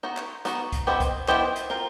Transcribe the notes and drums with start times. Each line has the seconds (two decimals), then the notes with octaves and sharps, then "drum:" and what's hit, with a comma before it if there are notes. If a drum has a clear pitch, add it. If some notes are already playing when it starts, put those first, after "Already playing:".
0.03 B3 D#4 F#4
0.17 drum: clap
0.45 B3 D#4 F#4, drum: hi-hat
0.72 drum: kick, hi-hat
0.87 B3 E4 G4 C5 D#5
1.00 drum: kick, hi-hat
1.28 B3 E4 G4 C5 D#5, drum: clap
1.56 drum: hi-hat
1.70 C4 F4 A#4